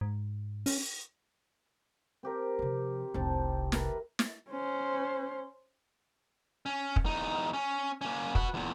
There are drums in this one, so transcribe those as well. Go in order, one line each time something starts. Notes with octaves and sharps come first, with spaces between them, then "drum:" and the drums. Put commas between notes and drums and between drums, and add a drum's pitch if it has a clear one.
G#2
C#4, drum: open hi-hat
C4 G4 A#4
C3 F3
F1 C2 C4 G5 A5
E4 A#4 B4, drum: snare
drum: snare
C#4 C5
C#4
drum: kick
E2 D#4
C#4
A#3 C#4
F#4 B4, drum: kick
E2 A#2